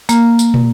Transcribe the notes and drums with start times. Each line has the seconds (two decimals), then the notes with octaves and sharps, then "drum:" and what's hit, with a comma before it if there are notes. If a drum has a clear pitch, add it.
0.09 A#3, drum: tambourine
0.39 drum: tambourine
0.54 drum: tom